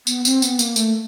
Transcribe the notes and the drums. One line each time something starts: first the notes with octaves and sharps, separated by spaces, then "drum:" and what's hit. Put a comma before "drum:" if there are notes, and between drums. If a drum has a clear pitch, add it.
B3, drum: tambourine
C4, drum: tambourine
B3, drum: tambourine
A#3, drum: tambourine
A3, drum: tambourine